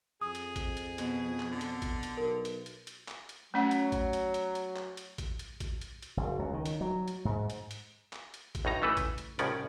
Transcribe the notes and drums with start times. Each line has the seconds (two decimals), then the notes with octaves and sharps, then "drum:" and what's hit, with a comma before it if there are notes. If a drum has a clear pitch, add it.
0.21 F2 G#4 D#6
0.35 drum: hi-hat
0.56 drum: kick, hi-hat
0.77 drum: hi-hat
0.98 B2, drum: hi-hat
1.40 drum: clap
1.51 D3
1.61 drum: hi-hat
1.82 drum: kick, hi-hat
2.03 drum: hi-hat
2.17 B1 A#4
2.45 drum: hi-hat
2.66 drum: hi-hat
2.87 drum: hi-hat
3.08 drum: clap
3.29 drum: hi-hat
3.54 F#3 A3 C#4 F#5
3.71 drum: hi-hat
3.92 drum: kick, hi-hat
4.13 drum: hi-hat
4.34 drum: hi-hat
4.55 drum: hi-hat
4.76 drum: clap
4.97 drum: hi-hat
5.18 drum: kick, hi-hat
5.39 drum: hi-hat
5.60 drum: kick, hi-hat
5.81 drum: hi-hat
6.02 drum: hi-hat
6.17 F#1
6.39 C#2
6.54 D#3
6.66 drum: hi-hat
6.81 F#3
7.08 drum: hi-hat
7.25 G#2
7.50 drum: hi-hat
7.71 drum: hi-hat
8.13 drum: clap
8.34 drum: hi-hat
8.55 drum: kick, hi-hat
8.65 B1 A2 D#4 A#5
8.82 C#3 E3 A3 A4 B4
8.97 drum: kick, hi-hat
9.18 drum: hi-hat
9.39 C2 A2 C#3 F3 C#4 D5, drum: hi-hat